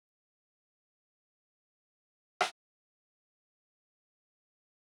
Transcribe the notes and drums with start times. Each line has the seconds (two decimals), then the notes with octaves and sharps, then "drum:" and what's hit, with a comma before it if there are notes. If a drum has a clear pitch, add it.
0.18 G#4 B4 C#5
0.73 E3 B3
1.04 C#3 G#3 A#4
2.17 A#3 B3 D#4 D5 D#5
2.41 drum: rim click
2.89 A#4 F#5
4.17 D4